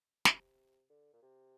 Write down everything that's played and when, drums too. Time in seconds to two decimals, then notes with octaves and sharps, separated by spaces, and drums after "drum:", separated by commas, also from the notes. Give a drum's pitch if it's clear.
0.25 C3, drum: snare
0.90 D3
1.13 A#2
1.22 C3